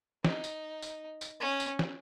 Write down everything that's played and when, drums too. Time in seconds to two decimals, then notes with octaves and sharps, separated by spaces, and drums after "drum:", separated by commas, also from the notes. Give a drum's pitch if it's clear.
0.24 D#4, drum: snare
0.44 drum: tambourine
0.82 drum: tambourine
1.21 drum: tambourine
1.41 C#4
1.60 drum: tambourine
1.79 drum: snare